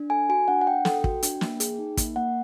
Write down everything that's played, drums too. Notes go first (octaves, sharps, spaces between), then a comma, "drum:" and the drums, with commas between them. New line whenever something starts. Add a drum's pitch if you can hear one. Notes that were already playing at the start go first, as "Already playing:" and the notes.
Already playing: D4
A4 G#5
F#4 G#5
D4 F#5
F#5
D4 G5
A4, drum: snare
F#4, drum: kick
D4, drum: hi-hat
A#3, drum: snare
G#4, drum: hi-hat
D#4
A#3, drum: kick, hi-hat
A#3 F#5